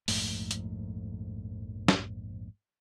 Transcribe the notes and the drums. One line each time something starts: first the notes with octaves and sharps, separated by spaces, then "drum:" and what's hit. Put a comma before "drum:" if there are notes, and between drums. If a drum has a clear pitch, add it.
A#1 F2 G#2 A3, drum: open hi-hat
drum: hi-hat
drum: snare